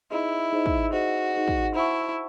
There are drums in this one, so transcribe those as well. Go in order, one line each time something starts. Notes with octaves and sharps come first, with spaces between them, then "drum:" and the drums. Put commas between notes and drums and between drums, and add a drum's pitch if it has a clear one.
D#4 E4 G#4 C5 D#5
D#4 G#4 C5 D#5
drum: kick
D#4 F#4 G#4 C5 D#5
D#4 G#4 C5 D#5
drum: kick
E4 C5 F#5 A5 C#6